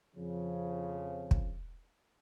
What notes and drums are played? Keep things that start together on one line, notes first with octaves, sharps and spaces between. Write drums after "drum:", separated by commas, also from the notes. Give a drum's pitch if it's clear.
F2 C#3 F3
drum: kick